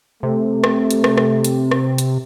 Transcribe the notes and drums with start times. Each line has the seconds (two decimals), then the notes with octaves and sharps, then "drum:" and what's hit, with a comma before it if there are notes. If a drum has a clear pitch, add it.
0.23 C3 A3
0.64 drum: rim click
0.91 drum: hi-hat
1.04 drum: rim click
1.17 drum: rim click
1.44 drum: hi-hat
1.71 drum: rim click
1.98 drum: hi-hat